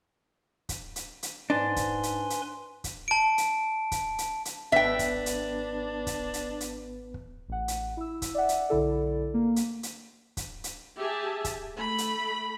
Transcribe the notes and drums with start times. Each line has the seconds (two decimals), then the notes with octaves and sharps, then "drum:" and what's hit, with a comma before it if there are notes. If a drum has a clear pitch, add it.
0.69 drum: kick, hi-hat
0.96 drum: hi-hat
1.23 drum: hi-hat
1.50 G#2 D4 B4 G#5 C6
1.76 drum: kick, hi-hat
2.03 drum: hi-hat
2.30 drum: hi-hat
2.84 drum: kick, hi-hat
3.08 A5 D7
3.38 drum: hi-hat
3.92 drum: kick, hi-hat
4.18 drum: hi-hat
4.45 drum: hi-hat
4.72 G#1 B3 D4 B4 E5 G5
4.99 drum: kick, hi-hat
5.26 drum: hi-hat
6.07 drum: kick, hi-hat
6.34 drum: hi-hat
6.60 drum: hi-hat
7.14 drum: kick
7.48 A1 F#5
7.68 drum: hi-hat
7.97 E4 E6
8.22 drum: kick, hi-hat
8.35 D5 E5 F#5
8.49 drum: hi-hat
8.69 B1 D3 E4 A4 D5
9.34 A#3
9.56 drum: hi-hat
9.83 drum: hi-hat
10.37 drum: kick, hi-hat
10.64 drum: hi-hat
10.98 G4 G#4 E5 A5
11.45 drum: kick, hi-hat
11.75 A3 B5
11.98 drum: hi-hat